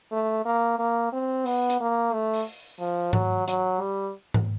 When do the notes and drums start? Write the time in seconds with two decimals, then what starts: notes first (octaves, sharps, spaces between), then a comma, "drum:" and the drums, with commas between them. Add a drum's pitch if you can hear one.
0.12 A3
0.45 A#3
0.79 A#3
1.13 C4
1.46 B3, drum: open hi-hat
1.70 drum: hi-hat
1.80 A#3
2.13 A3
2.33 drum: open hi-hat
2.80 F3
3.13 F#3, drum: tom G#2
3.48 F#3, drum: hi-hat
3.81 G3
4.34 drum: tom G#2